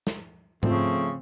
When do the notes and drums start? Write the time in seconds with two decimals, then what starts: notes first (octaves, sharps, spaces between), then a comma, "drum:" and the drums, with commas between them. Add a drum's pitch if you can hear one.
0.07 drum: snare
0.63 C#3 F3 A3 C4, drum: tom G#2